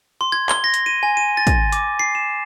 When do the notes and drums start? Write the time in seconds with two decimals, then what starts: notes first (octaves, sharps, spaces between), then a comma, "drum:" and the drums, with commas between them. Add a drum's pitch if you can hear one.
0.21 C6
0.32 G#6
0.49 G7, drum: clap
0.64 A#6
0.74 drum: hi-hat
0.86 D#7
1.03 G#5
1.17 D#7
1.37 A6
1.47 drum: kick, hi-hat
1.72 D6, drum: hi-hat
1.99 C7
2.15 E7